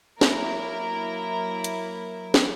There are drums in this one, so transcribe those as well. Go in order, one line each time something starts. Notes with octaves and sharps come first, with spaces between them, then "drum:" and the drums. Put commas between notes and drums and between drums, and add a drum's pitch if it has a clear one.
F#3 A#3 E4 A#4, drum: snare
drum: hi-hat
drum: snare